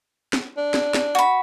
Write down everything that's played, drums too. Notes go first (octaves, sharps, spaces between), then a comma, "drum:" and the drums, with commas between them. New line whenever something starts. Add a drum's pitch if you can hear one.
drum: snare
D4
drum: snare
drum: snare
F#4 B5